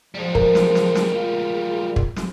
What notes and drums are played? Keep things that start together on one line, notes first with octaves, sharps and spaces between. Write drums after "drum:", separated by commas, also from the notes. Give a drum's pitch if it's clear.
F3 G3 G#3
A#4, drum: kick
drum: snare
drum: snare
drum: snare
F4
drum: kick
drum: snare